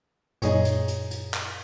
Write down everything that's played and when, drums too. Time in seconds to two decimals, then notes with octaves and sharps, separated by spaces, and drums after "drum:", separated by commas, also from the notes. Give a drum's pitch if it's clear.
0.42 F#2 A#2 D#4 G#4 C#5, drum: hi-hat
0.65 drum: hi-hat
0.88 drum: hi-hat
1.11 drum: hi-hat
1.34 drum: clap